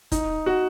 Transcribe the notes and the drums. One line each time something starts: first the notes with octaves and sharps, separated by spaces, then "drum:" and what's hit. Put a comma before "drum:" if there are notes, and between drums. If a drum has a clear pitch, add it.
D#4, drum: kick E1, hi-hat
F#4